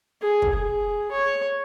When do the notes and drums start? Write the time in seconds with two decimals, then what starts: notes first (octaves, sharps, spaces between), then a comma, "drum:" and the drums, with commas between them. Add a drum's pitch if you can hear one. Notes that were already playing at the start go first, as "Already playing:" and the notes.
0.22 G#4
0.42 drum: kick
0.53 G#4
1.12 C#5